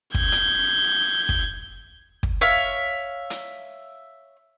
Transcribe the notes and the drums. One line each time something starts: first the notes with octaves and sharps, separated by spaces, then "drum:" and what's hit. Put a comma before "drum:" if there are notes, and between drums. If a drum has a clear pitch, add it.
G6 G#6, drum: kick
drum: hi-hat
drum: kick
drum: kick
C#5 E5 F5
drum: hi-hat